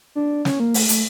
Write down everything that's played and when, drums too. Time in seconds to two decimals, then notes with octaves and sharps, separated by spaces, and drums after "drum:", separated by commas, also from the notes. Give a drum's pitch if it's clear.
0.15 D4
0.45 C#4, drum: snare
0.60 A#3
0.74 A3, drum: open hi-hat
0.89 A3, drum: hi-hat